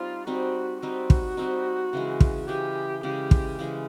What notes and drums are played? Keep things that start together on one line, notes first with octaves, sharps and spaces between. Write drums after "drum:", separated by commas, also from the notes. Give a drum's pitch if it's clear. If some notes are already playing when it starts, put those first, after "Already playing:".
Already playing: G3 C4 D#4 F4
G3 C4 D#4 F#4
G3 C4 D#4 F#4
drum: kick
G3 C4 D#4
C#3 E3 G#3
drum: kick
C#3 E3 G#3 G4
C#3 E3 G#3 G4
drum: kick
C#3 E3 G#3